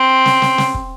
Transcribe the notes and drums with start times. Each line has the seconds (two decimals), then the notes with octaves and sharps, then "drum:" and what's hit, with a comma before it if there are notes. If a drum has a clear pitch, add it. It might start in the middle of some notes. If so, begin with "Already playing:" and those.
Already playing: C4
0.26 drum: snare
0.42 drum: snare
0.58 drum: snare
0.74 drum: kick